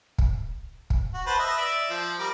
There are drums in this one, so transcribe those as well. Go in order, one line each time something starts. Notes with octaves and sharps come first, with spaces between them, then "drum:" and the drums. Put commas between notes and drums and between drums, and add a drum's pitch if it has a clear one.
drum: kick
drum: kick
F#4
B4 C5 A5
B4 D#5 E5
D5 E5
F3
G3 A#4 D6